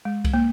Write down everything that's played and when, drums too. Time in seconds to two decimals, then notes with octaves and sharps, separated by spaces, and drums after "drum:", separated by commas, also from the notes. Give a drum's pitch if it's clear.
0.05 G#3
0.24 drum: kick C2, cymbal
0.34 A#3